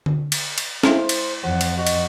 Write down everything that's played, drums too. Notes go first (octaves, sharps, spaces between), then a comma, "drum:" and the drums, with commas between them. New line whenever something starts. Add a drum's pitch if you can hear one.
drum: tom D3
drum: cymbal
drum: cymbal
G#3 E4 C5 E5, drum: snare
drum: cymbal
F2 E3 F#5
drum: cymbal
F#4 D#5
drum: cymbal